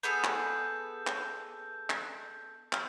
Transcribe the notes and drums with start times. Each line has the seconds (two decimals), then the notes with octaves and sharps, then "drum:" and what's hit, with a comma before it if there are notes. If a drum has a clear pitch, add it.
0.03 B3 G#4 A4 G6
0.24 drum: clap
1.07 drum: clap
1.90 drum: clap
2.73 drum: clap